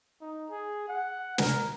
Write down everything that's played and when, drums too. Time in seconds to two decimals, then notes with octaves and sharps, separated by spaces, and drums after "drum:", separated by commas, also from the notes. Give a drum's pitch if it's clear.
0.21 D#4
0.50 G#4
0.88 F#5
1.38 A#4, drum: snare